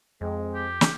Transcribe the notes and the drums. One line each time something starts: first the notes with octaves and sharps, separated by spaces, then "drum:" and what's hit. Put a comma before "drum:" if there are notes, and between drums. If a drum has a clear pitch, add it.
F2 G#3 C4
G4
drum: snare